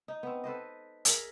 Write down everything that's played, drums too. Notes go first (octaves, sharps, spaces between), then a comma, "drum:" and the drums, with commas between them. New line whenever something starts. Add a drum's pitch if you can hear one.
D#4
B3 C4
A4 B4 C5 D#5
G#4 A#4 E5, drum: hi-hat